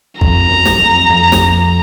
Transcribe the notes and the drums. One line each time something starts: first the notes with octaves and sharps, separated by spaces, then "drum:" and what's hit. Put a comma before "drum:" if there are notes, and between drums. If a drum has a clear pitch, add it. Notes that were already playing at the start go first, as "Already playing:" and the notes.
F2 A#5, drum: kick
F#2
drum: snare
F2
F2
drum: snare